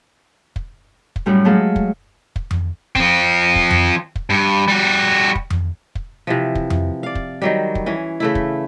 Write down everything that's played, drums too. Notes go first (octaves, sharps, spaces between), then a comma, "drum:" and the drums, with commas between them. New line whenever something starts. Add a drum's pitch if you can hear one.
drum: kick
drum: kick
F#2 A2 G3
F#3 G#3 A3 G#4 A4 F5
drum: kick
drum: kick
drum: tom F2
F3 C4, drum: kick
drum: kick
drum: tom F2
drum: kick
G2
G3 F#4
drum: kick
drum: tom F2
drum: kick
C3 E3 F3
drum: kick
drum: tom F2
D5 F5
drum: kick
D#3 F#3 G3
drum: kick
E3 C#4
C#3 A3 E4
drum: kick